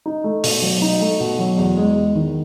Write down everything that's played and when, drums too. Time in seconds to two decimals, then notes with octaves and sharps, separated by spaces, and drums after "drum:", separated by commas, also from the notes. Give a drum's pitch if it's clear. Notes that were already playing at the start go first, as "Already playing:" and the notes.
0.06 D#4
0.24 A3
0.44 B2, drum: open hi-hat
0.62 F#3
0.82 D#4
1.01 A3
1.20 B2
1.39 F#3
1.58 E2
1.77 G#3
1.95 E2
2.15 D#3